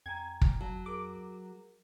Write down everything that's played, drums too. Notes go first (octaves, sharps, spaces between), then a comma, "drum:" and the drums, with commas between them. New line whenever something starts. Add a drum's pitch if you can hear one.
F2 G5 G#5 A#5 G#6
drum: kick
F#3 A5
G#4 A#4 D6